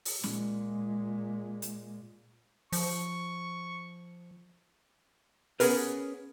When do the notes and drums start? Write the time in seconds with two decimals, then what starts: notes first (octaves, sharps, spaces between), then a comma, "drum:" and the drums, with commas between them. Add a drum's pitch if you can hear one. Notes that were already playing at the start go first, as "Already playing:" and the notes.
0.05 drum: open hi-hat
0.23 A#2 G#3, drum: snare C#4
1.62 drum: hi-hat
2.72 F3 C#6, drum: open hi-hat
5.60 B3 C#4 D4 G#4 A#4 B4, drum: open hi-hat